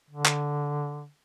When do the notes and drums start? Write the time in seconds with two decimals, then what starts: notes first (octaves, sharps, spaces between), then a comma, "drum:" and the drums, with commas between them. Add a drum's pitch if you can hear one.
0.10 D3
0.25 drum: clap